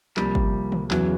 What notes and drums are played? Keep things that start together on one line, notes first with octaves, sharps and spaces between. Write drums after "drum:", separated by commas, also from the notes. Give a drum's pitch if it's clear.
C2 C3 F3 G3 A#3, drum: clap
drum: kick
drum: tom D3
E2 C#3 E3 F#3, drum: clap